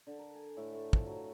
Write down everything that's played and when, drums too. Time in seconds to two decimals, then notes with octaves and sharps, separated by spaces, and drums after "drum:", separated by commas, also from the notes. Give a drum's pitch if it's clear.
0.07 D3
0.19 A#4
0.35 G#5
0.57 A2
0.73 A3
0.93 F3, drum: kick
1.06 F#3